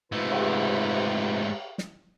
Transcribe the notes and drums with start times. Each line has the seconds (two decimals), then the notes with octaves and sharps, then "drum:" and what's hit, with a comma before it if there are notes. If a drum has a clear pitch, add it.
0.12 G#2 C3 A3 F4 B4
0.32 drum: cymbal
1.78 drum: snare